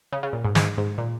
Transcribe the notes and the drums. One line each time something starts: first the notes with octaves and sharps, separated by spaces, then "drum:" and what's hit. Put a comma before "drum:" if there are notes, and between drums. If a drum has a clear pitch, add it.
C#3
C#3
A#2
G#2
G#2, drum: snare
G#2
A#2